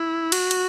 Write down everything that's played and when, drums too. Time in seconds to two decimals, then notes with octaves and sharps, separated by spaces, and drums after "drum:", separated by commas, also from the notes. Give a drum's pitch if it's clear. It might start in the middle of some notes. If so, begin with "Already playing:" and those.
Already playing: E4
0.32 F#4, drum: cymbal
0.51 drum: cymbal